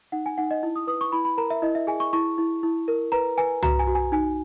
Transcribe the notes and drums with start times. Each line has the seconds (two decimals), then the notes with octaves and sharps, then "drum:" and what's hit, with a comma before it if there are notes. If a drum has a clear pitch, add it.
0.12 D#4 F#5
0.26 G#5
0.38 D#4 F#5
0.51 D#5
0.63 E4
0.76 D#6
0.87 B4 D#6
1.01 C#6
1.12 E4 B5
1.25 B5
1.37 A#4 A#5
1.50 E5
1.62 E4 D#5
1.75 E5
1.87 G#4 G#5
2.00 C#6
2.13 E4 C#6
2.38 E4
2.63 E4
2.88 A#4
3.12 B4 A#5
3.38 B4 G#5
3.62 F#4 A#5, drum: tom C2
3.79 G#5
3.87 F#4
3.95 G#5
4.12 D#4 G#5